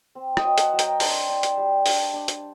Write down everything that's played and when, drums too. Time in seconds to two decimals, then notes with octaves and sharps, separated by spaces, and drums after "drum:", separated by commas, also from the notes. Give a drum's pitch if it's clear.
0.15 C4
0.37 D#5 G5, drum: rim click
0.44 F#3
0.58 F#5 A5, drum: hi-hat
0.73 F#3
0.79 G5 A#5, drum: hi-hat
1.00 D4 A5 C6, drum: open hi-hat
1.29 D4
1.43 drum: hi-hat
1.57 G3
1.86 D4, drum: open hi-hat
2.13 D4
2.28 drum: hi-hat